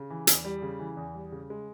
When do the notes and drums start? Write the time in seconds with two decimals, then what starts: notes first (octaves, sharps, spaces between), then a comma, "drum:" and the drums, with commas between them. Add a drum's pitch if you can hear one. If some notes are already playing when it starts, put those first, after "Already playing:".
Already playing: C#3
0.10 E3
0.27 E2, drum: hi-hat
0.45 G3
0.62 C#3
0.79 E3
0.97 E2
1.15 G3
1.32 C#3
1.50 G#3